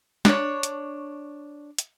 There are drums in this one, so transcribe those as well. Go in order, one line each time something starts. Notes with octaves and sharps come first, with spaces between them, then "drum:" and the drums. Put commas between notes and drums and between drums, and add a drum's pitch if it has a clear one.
D4 C#5, drum: snare
drum: hi-hat
drum: hi-hat